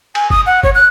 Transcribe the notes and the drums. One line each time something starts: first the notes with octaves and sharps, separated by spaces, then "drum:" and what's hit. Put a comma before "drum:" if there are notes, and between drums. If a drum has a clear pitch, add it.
G#5, drum: cymbal
D#6, drum: kick G1
F#5
C#5, drum: kick G1
F#6